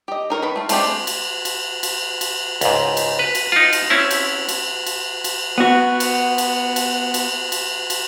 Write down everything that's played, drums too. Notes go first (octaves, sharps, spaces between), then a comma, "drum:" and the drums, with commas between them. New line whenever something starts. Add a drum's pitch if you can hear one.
G4 D#5
D#4 A#4 C5 C#5
D#3 B4
A3 F4
G#3 A3 C4 D4 G4, drum: cymbal
drum: cymbal
drum: cymbal
drum: cymbal
drum: cymbal
C#2 G#2, drum: cymbal
drum: cymbal
B4
drum: cymbal
D#4 F4
drum: cymbal
C4 C#4 E4
drum: cymbal
drum: cymbal
drum: cymbal
drum: cymbal
B3 F#4
drum: cymbal
drum: cymbal
drum: cymbal
drum: cymbal
drum: cymbal
drum: cymbal